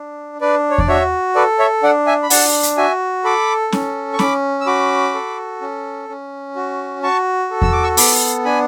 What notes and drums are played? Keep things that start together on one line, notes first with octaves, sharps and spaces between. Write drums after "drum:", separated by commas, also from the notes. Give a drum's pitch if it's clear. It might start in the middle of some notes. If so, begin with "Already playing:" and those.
Already playing: D4
D4 B4 D5
C#5
D5, drum: kick E2
F#4 C#5 E5
A4 B4 D5
C#5 E5
D4 D5 F#5
E5 G#5
B5
D4 F#5 A5, drum: open hi-hat
drum: hi-hat
F#4 E5 G#5
A4 B5 D6
C#4, drum: snare C#4
C#6
C#4 B5 D6, drum: snare C#4
E6
F#4 B5 D6
A4
C#4
C#4
F#4
F#4 A5 C#6
A4
E6, drum: kick E2
D6
C#6 E6
B3 B5 D6, drum: open hi-hat
D4 G#5 B5